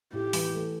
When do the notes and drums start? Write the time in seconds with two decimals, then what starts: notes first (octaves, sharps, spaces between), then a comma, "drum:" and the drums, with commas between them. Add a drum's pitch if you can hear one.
0.13 A2 G4
0.33 E3, drum: open hi-hat
0.54 A3